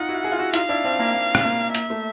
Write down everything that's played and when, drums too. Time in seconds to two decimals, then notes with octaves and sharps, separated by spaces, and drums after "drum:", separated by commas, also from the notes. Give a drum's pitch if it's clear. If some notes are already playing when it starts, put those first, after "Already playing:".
Already playing: D#4 F4 F#5
0.09 E4 F#4
0.24 F#4 G#4
0.32 F4
0.39 E4 F#4
0.53 D#4 F4 F5, drum: hi-hat
0.69 D4 E4
0.84 C4 D4
0.99 A#3 C4
1.15 A#3
1.35 drum: rim click
1.45 A#3
1.75 A#3 E5, drum: hi-hat
1.90 A3